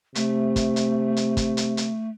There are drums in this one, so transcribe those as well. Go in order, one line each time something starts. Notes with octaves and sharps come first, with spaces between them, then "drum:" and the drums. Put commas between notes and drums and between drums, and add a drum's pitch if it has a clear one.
C3 A3, drum: hi-hat
drum: kick, hi-hat
drum: hi-hat
drum: hi-hat
drum: kick, hi-hat
drum: hi-hat
drum: hi-hat